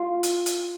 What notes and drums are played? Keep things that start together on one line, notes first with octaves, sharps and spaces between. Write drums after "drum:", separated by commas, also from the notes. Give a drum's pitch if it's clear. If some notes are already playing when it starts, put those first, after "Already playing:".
Already playing: F4
drum: hi-hat
drum: hi-hat